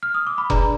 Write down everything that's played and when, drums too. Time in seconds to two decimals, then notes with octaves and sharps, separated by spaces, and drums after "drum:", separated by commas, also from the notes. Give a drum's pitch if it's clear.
0.03 F6
0.14 D#6
0.27 D6
0.38 B5
0.50 D4 G#4 B4 D5 A#5, drum: kick F1